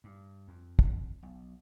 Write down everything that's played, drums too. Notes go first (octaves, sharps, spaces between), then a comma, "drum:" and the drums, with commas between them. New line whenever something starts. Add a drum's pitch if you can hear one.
G2
F2
drum: kick
B1